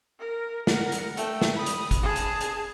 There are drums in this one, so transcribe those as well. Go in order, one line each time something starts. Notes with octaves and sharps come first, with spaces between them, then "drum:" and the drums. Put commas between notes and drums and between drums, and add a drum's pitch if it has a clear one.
A#4
A#4 F#5, drum: snare
drum: hi-hat
A3 G5, drum: hi-hat
drum: snare
B5 D#6
drum: hi-hat
drum: kick, hi-hat
G#4 A5
drum: hi-hat
drum: hi-hat